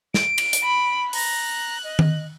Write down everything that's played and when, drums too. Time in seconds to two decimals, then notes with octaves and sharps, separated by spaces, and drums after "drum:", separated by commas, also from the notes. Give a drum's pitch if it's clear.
0.14 D7, drum: snare
0.38 drum: cymbal
0.53 drum: hi-hat
0.63 B5
1.13 A#5 F#6, drum: open hi-hat
1.84 D#5
1.99 drum: tom D#3